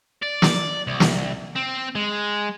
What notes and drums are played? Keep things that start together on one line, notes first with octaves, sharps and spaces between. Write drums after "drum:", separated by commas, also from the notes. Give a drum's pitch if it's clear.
D5
drum: snare
C2
drum: snare
C4
G#3